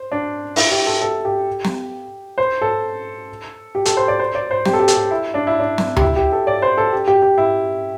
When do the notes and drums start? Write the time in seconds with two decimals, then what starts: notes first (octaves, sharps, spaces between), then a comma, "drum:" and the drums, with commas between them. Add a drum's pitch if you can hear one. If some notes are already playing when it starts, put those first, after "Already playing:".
Already playing: C5
0.12 D4
0.56 E4, drum: open hi-hat
0.71 G4
0.86 A4
1.01 A4
1.25 G4
1.65 drum: snare
2.38 C5
2.62 A4
3.75 G4
3.85 A4, drum: hi-hat
3.97 C5
4.08 D5
4.19 C5
4.35 D5
4.51 C5
4.65 G4, drum: snare
4.73 A4
4.80 G4
4.88 A4, drum: hi-hat
4.95 G4
5.11 E4
5.34 D4
5.47 E4
5.60 D4
5.78 drum: snare
5.96 G4, drum: tom D2
6.01 E4
6.16 G4
6.32 A4
6.47 D5
6.62 C5
6.77 A4
6.93 G4
7.08 G4
7.22 G4
7.38 E4